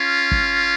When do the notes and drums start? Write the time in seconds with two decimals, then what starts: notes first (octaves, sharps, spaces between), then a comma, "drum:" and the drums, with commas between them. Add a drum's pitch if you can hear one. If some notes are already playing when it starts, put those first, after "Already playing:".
Already playing: C#4 F4
0.31 drum: kick